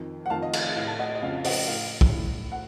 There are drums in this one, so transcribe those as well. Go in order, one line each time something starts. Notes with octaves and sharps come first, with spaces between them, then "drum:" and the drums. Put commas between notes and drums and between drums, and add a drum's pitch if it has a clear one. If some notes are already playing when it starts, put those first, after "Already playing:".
Already playing: F2 D#3
F#5
F2 D#3 F5 A5
D#5
F5, drum: cymbal
D#5
A2 F5
A5
D#5 F#5
D#5
F2 C#3 F5
F5
D#5 F#5, drum: open hi-hat
A2 F5
drum: kick
A2
F#5